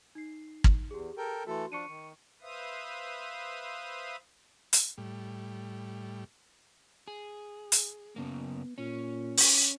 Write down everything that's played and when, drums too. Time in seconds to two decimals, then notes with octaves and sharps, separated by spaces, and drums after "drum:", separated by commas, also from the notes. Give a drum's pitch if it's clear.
0.15 D#4 C7
0.64 drum: kick
0.91 E2 G4 G#4
1.18 A4 A#4 G5
1.47 E3 A3 F#4 A4 C6
1.72 F3 D4 C#6 C#7 D#7
1.88 D#3
2.41 B4 C5 E5 F5 D#6
4.73 drum: hi-hat
4.98 A2 G3
7.08 G#4
7.72 drum: hi-hat
8.16 F#2 C#3 A#3 B3
8.78 A#2 C#4
9.37 drum: open hi-hat